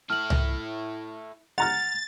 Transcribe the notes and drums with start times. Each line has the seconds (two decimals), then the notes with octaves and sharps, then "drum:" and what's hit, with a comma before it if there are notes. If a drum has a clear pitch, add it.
0.10 E4 A4 F6 F#7
0.30 drum: tom C2
1.58 F#5 A#5 F6 A6 F7